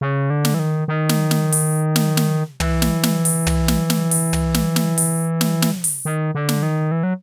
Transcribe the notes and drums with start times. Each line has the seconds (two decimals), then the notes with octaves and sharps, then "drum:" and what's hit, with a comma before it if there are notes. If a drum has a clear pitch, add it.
0.01 C#3
0.30 D3
0.45 drum: snare
0.54 E3
0.59 D#3
0.88 D#3
1.09 drum: snare
1.31 drum: snare
1.52 drum: open hi-hat
1.96 drum: snare
2.17 drum: snare
2.60 E3, drum: tom
2.82 drum: snare
3.03 drum: snare
3.25 drum: open hi-hat
3.47 drum: tom
3.68 drum: snare
3.90 drum: snare
4.11 drum: open hi-hat
4.33 drum: tom
4.54 drum: snare
4.76 drum: snare
4.98 drum: open hi-hat
5.41 drum: snare
5.62 drum: snare
5.84 drum: open hi-hat
6.05 D#3
6.35 D3
6.49 drum: snare
6.63 D#3
6.92 E3
7.03 F#3